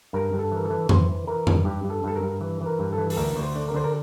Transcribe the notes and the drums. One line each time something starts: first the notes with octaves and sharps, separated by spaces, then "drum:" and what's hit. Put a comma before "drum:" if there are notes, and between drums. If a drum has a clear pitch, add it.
G2 A#4
G2
A4
E3 A#4
A4
E3
E3 C5, drum: tom F2
E3
E3 A#4
G2, drum: tom F2
G2 G4
G2
A4
G2 A4
A#4
G2
E3
E3
A#4
G2
A4
E3
A4, drum: open hi-hat
D2 A#4
D2
C5
D3
A#4
D3 C5
A#4